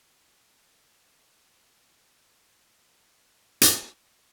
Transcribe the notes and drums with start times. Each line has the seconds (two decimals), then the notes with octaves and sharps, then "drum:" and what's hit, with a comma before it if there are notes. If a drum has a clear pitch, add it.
0.36 G#3
0.82 A5
0.97 C2 A3
1.40 A#1 D5 B5
1.97 E5 F#5
3.13 F#3 A#3 F5 C#6
3.61 drum: hi-hat